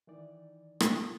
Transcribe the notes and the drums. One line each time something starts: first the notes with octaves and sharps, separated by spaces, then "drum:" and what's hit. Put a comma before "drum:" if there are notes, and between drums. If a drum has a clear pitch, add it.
D#3 E3 D#4 D5
drum: rim click